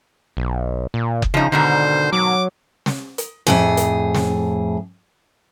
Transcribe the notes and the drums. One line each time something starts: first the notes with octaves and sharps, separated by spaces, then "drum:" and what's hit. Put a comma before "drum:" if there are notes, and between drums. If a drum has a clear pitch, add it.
B1
A#2
drum: kick F#1
C#3 F3 D#4
G#2 B2 D3 D#3 C5
F#3 D6
drum: snare
drum: hi-hat
F2 A2 G#4, drum: snare
drum: hi-hat
drum: snare